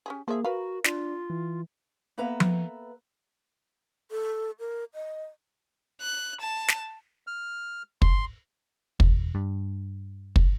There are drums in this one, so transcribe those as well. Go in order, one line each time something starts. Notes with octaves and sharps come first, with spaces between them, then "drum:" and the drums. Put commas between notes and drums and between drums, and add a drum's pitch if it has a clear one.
C#4 G4 G#4
F3 A#3 G#4 E5
F#4 A#4 B4 F5
D4 F4, drum: snare
E3
A#3 B3 A4 B4 E5 A#5
drum: tom F3
A4
A#4
D#5
F#6
A5
drum: snare
F6
C6, drum: kick
E1, drum: kick
G2
drum: kick